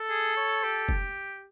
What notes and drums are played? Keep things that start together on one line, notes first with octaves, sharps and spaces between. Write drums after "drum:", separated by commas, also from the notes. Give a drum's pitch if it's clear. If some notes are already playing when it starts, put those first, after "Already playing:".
Already playing: A4
G#4
C#5
G4
drum: kick F1